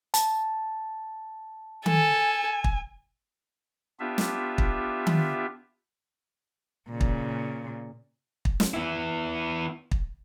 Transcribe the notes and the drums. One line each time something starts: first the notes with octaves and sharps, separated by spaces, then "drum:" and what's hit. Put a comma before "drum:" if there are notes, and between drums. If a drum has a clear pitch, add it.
A5, drum: hi-hat
A4 G#5, drum: tom D#3
drum: kick
B3 D4 F4 G4 E5
drum: snare
drum: kick
drum: tom D#3
A#2 C#3
drum: kick
drum: kick
drum: snare
B3 E4
drum: kick